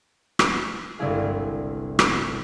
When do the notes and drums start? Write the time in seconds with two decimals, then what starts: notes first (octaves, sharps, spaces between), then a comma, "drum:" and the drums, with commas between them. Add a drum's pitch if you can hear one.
0.39 drum: rim click
0.99 G1 C2 G#3 E4 G#4 F5
1.99 drum: rim click